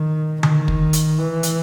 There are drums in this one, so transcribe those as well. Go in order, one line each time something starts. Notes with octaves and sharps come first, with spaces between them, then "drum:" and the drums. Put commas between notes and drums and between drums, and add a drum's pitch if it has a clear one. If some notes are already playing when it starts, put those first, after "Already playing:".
Already playing: D#3
D#3, drum: tom D3
drum: kick
drum: hi-hat
E3
drum: hi-hat